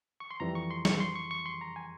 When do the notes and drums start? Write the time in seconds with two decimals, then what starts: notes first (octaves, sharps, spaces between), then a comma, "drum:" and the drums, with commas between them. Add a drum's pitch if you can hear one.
0.20 C#6
0.31 C6
0.40 F2 E3 G3 A#5
0.55 C#6
0.70 C6
0.85 C#6, drum: snare
1.00 C6
1.16 C#6
1.31 C#6
1.46 C6
1.61 A#5
1.76 G#5